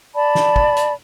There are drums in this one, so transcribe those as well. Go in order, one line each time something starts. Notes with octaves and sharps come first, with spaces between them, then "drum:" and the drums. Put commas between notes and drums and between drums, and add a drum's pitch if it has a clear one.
D5 A5 B5
drum: snare
drum: kick
drum: hi-hat